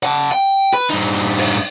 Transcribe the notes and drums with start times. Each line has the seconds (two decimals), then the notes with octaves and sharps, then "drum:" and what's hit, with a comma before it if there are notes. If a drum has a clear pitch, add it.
0.03 F#5 A5
0.32 G5
0.73 B4
0.90 G2 D#4
1.39 drum: open hi-hat